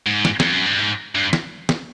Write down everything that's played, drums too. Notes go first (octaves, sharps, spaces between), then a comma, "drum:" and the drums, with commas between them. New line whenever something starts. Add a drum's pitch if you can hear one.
G#2
drum: snare
F2, drum: snare
F#2
G2
G#2
G2
drum: snare
drum: snare